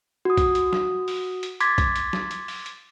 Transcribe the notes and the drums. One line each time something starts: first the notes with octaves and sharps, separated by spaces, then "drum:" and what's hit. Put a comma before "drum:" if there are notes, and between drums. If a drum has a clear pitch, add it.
F#4 D#6
drum: kick B1, hi-hat
drum: hi-hat
drum: snare
drum: open hi-hat
drum: hi-hat
C6 D6 G#6 A6 B6, drum: hi-hat
drum: kick B1, hi-hat
drum: hi-hat
drum: snare
drum: hi-hat
drum: open hi-hat
drum: hi-hat